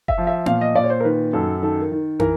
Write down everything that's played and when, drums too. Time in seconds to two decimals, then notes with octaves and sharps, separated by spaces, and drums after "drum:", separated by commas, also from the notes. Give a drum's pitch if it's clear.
0.08 E5, drum: kick F#1
0.18 F3
0.27 E5
0.46 A#2 F5, drum: tom B3
0.61 D#5
0.75 A#2 D5
0.84 C#5
0.90 C5
1.00 A#4
1.04 D#3 B4
1.33 F#2 A4
1.62 D#3 A4
1.81 A#4
1.92 D#3
2.20 E3 A#4, drum: tom